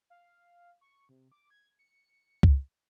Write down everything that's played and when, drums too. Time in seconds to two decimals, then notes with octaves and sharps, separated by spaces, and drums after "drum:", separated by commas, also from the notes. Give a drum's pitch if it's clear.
0.10 F5
0.81 C#6
1.09 C3
1.32 D6
1.50 G#6
1.79 C#7
2.43 drum: kick C#2